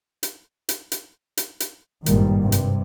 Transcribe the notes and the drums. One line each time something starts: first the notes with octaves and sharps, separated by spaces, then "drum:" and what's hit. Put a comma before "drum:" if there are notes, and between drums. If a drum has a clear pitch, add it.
drum: hi-hat
drum: hi-hat
drum: hi-hat
drum: hi-hat
drum: hi-hat
G#1 G2 A#2 D#3 G3 A#3, drum: hi-hat
G2 C3
drum: hi-hat